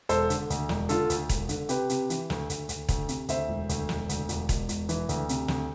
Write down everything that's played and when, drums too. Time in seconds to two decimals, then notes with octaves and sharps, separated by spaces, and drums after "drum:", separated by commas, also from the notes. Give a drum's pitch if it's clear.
0.09 E1 A4 C5, drum: hi-hat
0.30 D3, drum: hi-hat
0.50 D2, drum: hi-hat
0.69 E1, drum: snare
0.89 D3 F4 A4, drum: hi-hat
1.10 D2, drum: hi-hat
1.29 E1, drum: kick E1, hi-hat
1.49 D3, drum: hi-hat
1.69 C3 G4 B4, drum: hi-hat
1.89 C3, drum: hi-hat
2.10 E3, drum: hi-hat
2.30 D2, drum: snare
2.50 D2, drum: hi-hat
2.69 D2, drum: hi-hat
2.89 D2, drum: kick E1, hi-hat
3.09 C3, drum: hi-hat
3.29 D2 C5 E5, drum: hi-hat
3.48 E1
3.69 D2, drum: hi-hat
3.89 E1, drum: snare
4.09 D2, drum: hi-hat
4.29 E1, drum: hi-hat
4.49 E1, drum: kick E1, hi-hat
4.69 E1, drum: hi-hat
4.89 E3, drum: hi-hat
5.09 D2, drum: hi-hat
5.29 C3, drum: hi-hat
5.48 D2, drum: snare